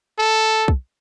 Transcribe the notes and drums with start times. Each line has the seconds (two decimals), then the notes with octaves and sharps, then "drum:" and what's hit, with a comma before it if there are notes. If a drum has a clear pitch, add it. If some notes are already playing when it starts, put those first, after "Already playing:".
0.19 A4
0.68 drum: kick